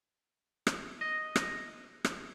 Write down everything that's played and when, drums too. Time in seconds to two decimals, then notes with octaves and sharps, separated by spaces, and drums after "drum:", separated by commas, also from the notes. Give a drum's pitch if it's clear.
0.67 drum: rim click
1.01 D#5
1.36 drum: rim click
2.05 drum: rim click